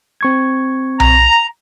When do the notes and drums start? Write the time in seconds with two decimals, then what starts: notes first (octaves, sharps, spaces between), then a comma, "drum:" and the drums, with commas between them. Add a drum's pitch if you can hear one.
0.21 C4 C#6 G#6
1.00 A#5, drum: tom B1